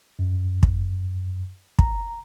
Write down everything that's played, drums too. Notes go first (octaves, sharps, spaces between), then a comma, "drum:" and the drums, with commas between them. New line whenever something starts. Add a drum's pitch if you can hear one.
F#2
drum: kick
A#5, drum: kick